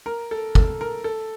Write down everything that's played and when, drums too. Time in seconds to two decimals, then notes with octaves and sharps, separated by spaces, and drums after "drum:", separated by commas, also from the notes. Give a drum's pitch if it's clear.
0.06 A#4
0.31 A4
0.55 A4, drum: kick
0.81 A#4
1.04 A4